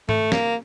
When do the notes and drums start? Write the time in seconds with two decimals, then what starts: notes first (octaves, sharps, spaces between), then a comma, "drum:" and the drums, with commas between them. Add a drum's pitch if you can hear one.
0.09 A3, drum: tom G#2
0.32 A#3, drum: snare